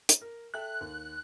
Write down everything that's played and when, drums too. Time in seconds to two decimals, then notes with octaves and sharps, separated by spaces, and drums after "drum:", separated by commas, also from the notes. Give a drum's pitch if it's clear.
0.09 drum: hi-hat
0.22 A#4
0.54 A4 E5 G5 F#6
0.81 D#2